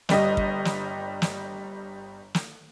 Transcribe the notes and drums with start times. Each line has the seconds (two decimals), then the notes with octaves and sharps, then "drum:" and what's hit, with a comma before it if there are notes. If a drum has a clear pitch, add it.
0.09 G1 G3 D#5, drum: snare
0.37 drum: kick
0.65 drum: snare
1.22 drum: snare
2.35 drum: snare